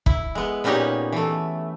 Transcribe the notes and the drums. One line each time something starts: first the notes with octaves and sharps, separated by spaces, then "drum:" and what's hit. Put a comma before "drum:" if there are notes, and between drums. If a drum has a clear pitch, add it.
E4, drum: kick
G#3 B3
A#2 B3 C#4 D#4 G4 C#5
E3 A3